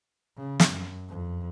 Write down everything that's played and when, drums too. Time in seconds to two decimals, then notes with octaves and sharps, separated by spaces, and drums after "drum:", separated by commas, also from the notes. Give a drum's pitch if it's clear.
0.37 C#3
0.60 drum: snare
0.69 F#2
1.09 F2